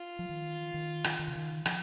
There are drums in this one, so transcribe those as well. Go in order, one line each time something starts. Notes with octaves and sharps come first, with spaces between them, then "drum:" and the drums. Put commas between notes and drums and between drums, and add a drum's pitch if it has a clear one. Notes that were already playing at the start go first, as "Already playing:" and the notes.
Already playing: F4
F3
D#3
D#3
drum: rim click
D#3
C#3
D#3
F3, drum: rim click